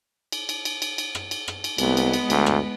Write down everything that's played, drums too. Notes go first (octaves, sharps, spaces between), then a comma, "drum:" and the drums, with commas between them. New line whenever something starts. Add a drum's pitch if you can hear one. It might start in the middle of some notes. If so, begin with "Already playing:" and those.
drum: cymbal
drum: cymbal
drum: cymbal
drum: cymbal
drum: cymbal
drum: rim click
drum: cymbal
drum: rim click
drum: cymbal
C2 G#3 B3, drum: cymbal
drum: cymbal
drum: cymbal
D2, drum: cymbal
drum: rim click